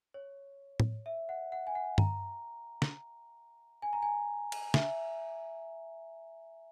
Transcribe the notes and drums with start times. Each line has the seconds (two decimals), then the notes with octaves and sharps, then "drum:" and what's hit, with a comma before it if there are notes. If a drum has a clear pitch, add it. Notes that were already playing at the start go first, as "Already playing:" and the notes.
0.14 C#5
0.80 drum: tom A2
1.06 E5
1.29 F#5
1.52 F#5
1.67 G#5
1.75 F#5
1.98 A#5, drum: tom G2
2.82 drum: snare
3.82 G#5
3.93 A#5
4.03 G#5
4.52 drum: cymbal
4.74 E5, drum: snare